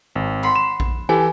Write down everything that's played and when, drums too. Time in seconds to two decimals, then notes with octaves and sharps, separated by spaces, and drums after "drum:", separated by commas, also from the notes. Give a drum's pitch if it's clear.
0.15 G#1
0.43 F#5 B5 C6
0.56 E7
0.80 drum: kick A#1
1.09 E3 G4 A4 G#5